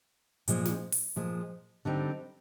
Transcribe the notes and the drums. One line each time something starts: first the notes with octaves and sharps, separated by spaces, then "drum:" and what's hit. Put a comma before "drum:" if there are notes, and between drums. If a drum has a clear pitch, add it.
A#2 F3 G#3, drum: hi-hat
drum: snare
drum: open hi-hat
A#2 F3 G#3
D3 G3 C4 D#4